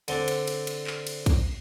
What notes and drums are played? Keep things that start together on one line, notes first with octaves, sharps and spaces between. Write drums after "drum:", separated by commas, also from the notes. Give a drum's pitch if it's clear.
D3 C4 D4, drum: cymbal
drum: cymbal
drum: cymbal
drum: cymbal
drum: clap
drum: cymbal
drum: kick, cymbal